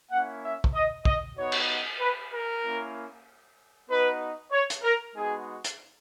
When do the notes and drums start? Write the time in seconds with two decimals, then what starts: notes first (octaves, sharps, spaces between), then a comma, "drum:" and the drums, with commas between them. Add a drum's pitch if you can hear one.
0.11 A#3 C#4 E4 F#5
0.42 E5
0.64 drum: kick
0.74 D#5
1.05 D#5, drum: kick
1.37 B3 D#4 F#4 C#5
1.52 drum: cymbal
2.00 B4
2.31 A#4
2.63 A#3 C#4 E4
3.88 B3 D#4 F#4 B4
4.51 C#5
4.70 drum: hi-hat
4.83 A#4
5.14 G#3 B3 D#4 F#4 G#4
5.64 drum: hi-hat